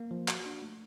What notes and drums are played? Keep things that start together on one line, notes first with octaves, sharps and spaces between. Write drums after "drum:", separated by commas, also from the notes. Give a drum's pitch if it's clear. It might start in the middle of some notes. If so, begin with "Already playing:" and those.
Already playing: A#3
F3
F#4, drum: clap
D4
A3